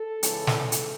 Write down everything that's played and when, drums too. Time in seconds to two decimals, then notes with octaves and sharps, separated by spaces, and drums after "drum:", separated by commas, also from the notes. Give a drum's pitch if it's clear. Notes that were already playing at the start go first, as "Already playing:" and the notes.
Already playing: A4
0.23 C#2 C#3 E3, drum: hi-hat
0.47 drum: snare
0.72 drum: hi-hat